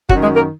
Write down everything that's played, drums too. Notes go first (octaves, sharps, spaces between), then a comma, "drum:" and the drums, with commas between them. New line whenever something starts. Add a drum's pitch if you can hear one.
F#2 D#3 F#3 F#4, drum: kick
G#3 G#4
A#3 A#4